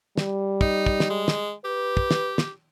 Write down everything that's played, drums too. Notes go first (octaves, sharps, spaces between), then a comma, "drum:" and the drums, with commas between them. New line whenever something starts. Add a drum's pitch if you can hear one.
G3, drum: snare
D#4, drum: kick
drum: kick
drum: snare
G#3
drum: snare
G4 B4
drum: kick
drum: snare
drum: snare